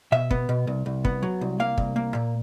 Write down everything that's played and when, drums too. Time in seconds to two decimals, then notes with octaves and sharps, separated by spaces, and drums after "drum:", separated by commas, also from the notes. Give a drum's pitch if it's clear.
0.12 B2 E5
0.31 B3, drum: kick
0.49 B2
0.67 C2
0.86 C2
1.05 B3, drum: kick
1.23 F#3
1.41 C2
1.60 A#3 F5
1.78 C2, drum: kick
1.96 A#3
2.15 A#2